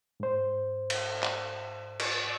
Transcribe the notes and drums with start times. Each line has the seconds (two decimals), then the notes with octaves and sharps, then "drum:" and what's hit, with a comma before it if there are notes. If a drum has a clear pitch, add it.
0.20 G#2 C5
0.90 drum: cymbal
1.23 drum: clap
2.00 drum: cymbal